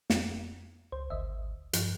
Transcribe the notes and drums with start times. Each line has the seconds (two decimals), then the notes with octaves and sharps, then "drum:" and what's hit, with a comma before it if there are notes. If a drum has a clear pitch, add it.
0.10 F2, drum: snare
0.92 C#2 C5
1.10 G#1 D2 D#5 E5
1.73 G2 F3, drum: hi-hat